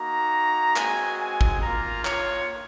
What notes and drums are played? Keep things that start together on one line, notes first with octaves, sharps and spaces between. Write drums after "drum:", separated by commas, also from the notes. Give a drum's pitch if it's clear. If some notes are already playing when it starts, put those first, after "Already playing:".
Already playing: A#3 D#4 F#4 A#5
G#3 C4 F#4 G#5, drum: clap
G#5
drum: kick
A#3 F4 A#5
C#5, drum: clap